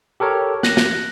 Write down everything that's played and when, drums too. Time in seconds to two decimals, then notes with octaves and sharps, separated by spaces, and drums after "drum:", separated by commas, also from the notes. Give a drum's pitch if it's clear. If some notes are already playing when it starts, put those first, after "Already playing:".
0.20 G4 A4 A#4 C#5
0.63 F#6 A#6, drum: snare
0.77 drum: snare